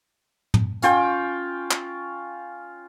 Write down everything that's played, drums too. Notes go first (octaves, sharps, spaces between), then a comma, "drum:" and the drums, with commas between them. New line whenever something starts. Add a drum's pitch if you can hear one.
drum: tom
C#4 F4 G5 C#6, drum: hi-hat
drum: clap